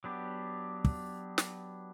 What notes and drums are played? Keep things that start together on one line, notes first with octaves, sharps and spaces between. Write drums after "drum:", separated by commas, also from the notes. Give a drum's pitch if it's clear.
F#3 B3 D4 G4
drum: kick
drum: snare